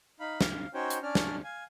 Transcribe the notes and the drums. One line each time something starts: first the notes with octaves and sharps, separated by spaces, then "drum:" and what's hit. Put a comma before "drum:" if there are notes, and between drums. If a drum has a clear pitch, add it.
D#4 F5 B5
F5, drum: snare
C#4 D#4 F#4 C5 C#5 G5
drum: hi-hat
C#4 D4 D5 F6
drum: snare
F5 G#5